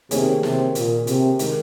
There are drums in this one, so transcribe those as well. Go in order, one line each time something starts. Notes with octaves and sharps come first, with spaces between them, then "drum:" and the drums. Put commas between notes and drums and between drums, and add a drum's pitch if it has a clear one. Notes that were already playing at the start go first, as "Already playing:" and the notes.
C3 D#3 A#3 C#4 G#4, drum: hi-hat
C3, drum: snare
A#2, drum: hi-hat
C3, drum: hi-hat
D#3 G#3 D#4, drum: hi-hat